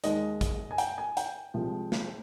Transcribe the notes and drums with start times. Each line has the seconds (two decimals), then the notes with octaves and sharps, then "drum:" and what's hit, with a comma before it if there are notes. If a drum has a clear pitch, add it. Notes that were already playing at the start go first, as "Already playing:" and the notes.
0.04 D#2 D#3 G#3 D#5, drum: hi-hat
0.41 drum: kick, hi-hat
0.71 G#5
0.78 G5, drum: hi-hat
0.98 G#5
1.17 G5, drum: hi-hat
1.54 C2 C3 F3 G#3
1.92 drum: snare